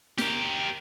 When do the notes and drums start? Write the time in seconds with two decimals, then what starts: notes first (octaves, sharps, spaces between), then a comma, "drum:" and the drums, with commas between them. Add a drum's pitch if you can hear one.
0.18 G4 A#4, drum: snare